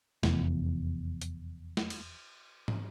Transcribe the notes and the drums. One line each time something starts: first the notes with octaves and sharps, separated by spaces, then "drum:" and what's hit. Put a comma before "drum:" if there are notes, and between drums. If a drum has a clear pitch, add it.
F1 E2, drum: snare
drum: hi-hat
drum: snare
drum: cymbal
drum: tom